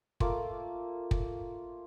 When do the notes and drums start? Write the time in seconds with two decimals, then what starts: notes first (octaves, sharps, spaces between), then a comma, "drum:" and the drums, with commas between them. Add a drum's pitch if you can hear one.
0.20 A3 A#3 F4 D6, drum: kick
1.11 drum: kick